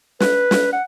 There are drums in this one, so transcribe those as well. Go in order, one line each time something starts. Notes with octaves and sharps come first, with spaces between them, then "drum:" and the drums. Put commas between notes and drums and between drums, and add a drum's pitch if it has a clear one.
B4, drum: snare
drum: snare
F#5